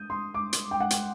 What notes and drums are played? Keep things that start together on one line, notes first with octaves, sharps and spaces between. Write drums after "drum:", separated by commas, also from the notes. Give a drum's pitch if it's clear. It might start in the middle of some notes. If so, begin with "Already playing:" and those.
Already playing: D#6 G6
C6
D6
drum: hi-hat
G5
F#5
G5, drum: hi-hat